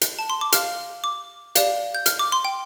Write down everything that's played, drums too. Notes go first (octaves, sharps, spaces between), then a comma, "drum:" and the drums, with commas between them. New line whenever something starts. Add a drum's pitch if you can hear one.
drum: hi-hat
A5
C6
D6
G4 F5 F6, drum: hi-hat
D6
G4 D5 F5, drum: hi-hat
G6
F6, drum: hi-hat
D6
C6
G5